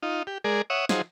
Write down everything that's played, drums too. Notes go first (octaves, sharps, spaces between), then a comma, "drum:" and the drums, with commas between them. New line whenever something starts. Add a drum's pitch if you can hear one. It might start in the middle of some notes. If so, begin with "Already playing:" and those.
D#4 F4
G4
G#3 G#4 A#4 D5
C#5 E5 F#5 D#6
F3 F#3 D#4 G#4 C5, drum: snare